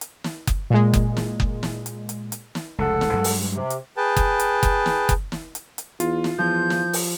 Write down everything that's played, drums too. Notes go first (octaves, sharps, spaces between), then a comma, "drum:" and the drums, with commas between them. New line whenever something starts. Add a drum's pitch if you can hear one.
drum: hi-hat
drum: snare
drum: kick F#1, hi-hat
A#2 G#3
drum: kick F#1, hi-hat
drum: snare
drum: kick F#1
drum: snare
drum: hi-hat
drum: hi-hat
drum: hi-hat
drum: snare
F1 C#2 A4 F#5
drum: snare
G2 F#3 G#3
drum: open hi-hat
C3
drum: hi-hat
G#4 B4 G5 A5
drum: kick F#1, hi-hat
drum: hi-hat
drum: kick F#1, hi-hat
drum: snare
drum: kick F#1, hi-hat
drum: snare
drum: hi-hat
drum: hi-hat
E2 F4, drum: hi-hat
drum: snare
E2 F3 G6
drum: snare
drum: open hi-hat